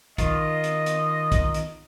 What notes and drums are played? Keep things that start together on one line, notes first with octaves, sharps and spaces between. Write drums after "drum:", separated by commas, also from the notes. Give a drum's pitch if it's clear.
D#3 F4 D#5, drum: kick, hi-hat
drum: hi-hat
drum: hi-hat
drum: kick, hi-hat
drum: hi-hat